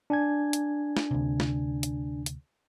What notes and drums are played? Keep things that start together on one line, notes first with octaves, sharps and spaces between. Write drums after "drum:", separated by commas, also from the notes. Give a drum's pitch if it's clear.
D4 G#5 G#6
drum: hi-hat
drum: snare
D2 C3
drum: snare
drum: hi-hat
drum: hi-hat